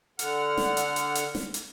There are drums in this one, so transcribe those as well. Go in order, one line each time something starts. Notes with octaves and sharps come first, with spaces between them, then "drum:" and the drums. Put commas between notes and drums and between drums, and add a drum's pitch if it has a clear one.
D3 F#5 F6, drum: hi-hat
drum: snare
drum: hi-hat
drum: hi-hat
drum: hi-hat
drum: snare
drum: hi-hat